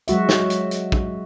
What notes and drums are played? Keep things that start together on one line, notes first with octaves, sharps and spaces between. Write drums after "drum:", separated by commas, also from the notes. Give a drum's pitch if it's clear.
F#3 G#3 F#4 E5, drum: hi-hat
drum: snare
drum: hi-hat
drum: hi-hat
drum: kick